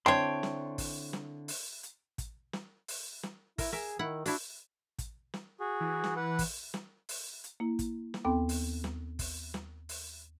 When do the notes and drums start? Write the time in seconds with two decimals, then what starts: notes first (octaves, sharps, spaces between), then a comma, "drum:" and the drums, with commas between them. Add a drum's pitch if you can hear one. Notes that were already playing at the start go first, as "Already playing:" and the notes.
0.06 D3 C4 D4 E4 C#5 G5 C6
0.43 drum: snare
0.78 drum: kick, open hi-hat
1.13 drum: snare
1.48 drum: open hi-hat
1.83 drum: hi-hat
2.18 drum: kick, hi-hat
2.53 drum: snare
2.88 drum: open hi-hat
3.23 drum: snare
3.58 E4 A#4, drum: kick, open hi-hat
3.72 G#4 A#4 E5
3.99 D#3 E4 F#5
4.26 D4 E4 F#4, drum: open hi-hat
4.99 drum: kick, hi-hat
5.34 drum: snare
5.60 F#4 G#4
5.80 E3
6.04 drum: snare
6.16 B4 F#5
6.39 drum: kick, open hi-hat
6.74 drum: snare
7.09 drum: open hi-hat
7.44 drum: hi-hat
7.60 A#3 E4
7.79 drum: kick, hi-hat
8.14 drum: snare
8.24 D#2 B3 C4 A4 G5 D6
8.49 drum: open hi-hat
8.84 drum: snare
9.19 drum: kick, open hi-hat
9.54 drum: snare
9.89 drum: open hi-hat